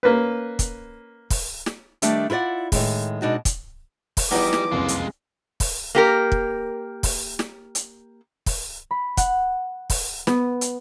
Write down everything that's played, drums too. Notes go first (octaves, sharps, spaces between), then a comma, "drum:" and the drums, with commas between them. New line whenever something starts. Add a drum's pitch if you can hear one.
A#3 C#4 B4
drum: kick, hi-hat
drum: kick, open hi-hat
drum: snare
D#3 G3 A3 D4, drum: hi-hat
E4 F4 B4 D5 F#5
A2 D#3 G#3, drum: kick, open hi-hat
B2 G#3 D4 D#4 F#4
drum: kick, hi-hat
drum: kick, open hi-hat
E2 F3 G3 B3 D#4 G4 D#5 D6
drum: snare
F#1 C2 F2 G#3 F4
drum: hi-hat
drum: kick, open hi-hat
A#3 G4 A#4
drum: kick
drum: kick, open hi-hat
drum: snare
drum: hi-hat
drum: kick, open hi-hat
B5
F#5, drum: kick, hi-hat
drum: kick, open hi-hat
B3, drum: snare
drum: hi-hat